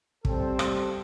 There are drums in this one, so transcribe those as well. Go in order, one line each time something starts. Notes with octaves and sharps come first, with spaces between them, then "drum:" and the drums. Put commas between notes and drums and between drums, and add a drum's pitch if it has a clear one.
G3 C4 A4, drum: kick
drum: rim click